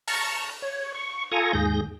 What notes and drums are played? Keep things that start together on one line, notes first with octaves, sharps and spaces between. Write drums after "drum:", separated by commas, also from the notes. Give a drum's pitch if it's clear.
A5 A#5 C#6 F6, drum: open hi-hat
C#5
C#6
F4 A4 G#5 A#5 C#6 D#6
D#2 G#2 G#4 G6 A#6